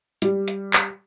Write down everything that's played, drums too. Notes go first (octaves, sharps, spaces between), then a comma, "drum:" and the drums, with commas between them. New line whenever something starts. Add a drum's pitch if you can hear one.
G3, drum: hi-hat
drum: hi-hat
drum: clap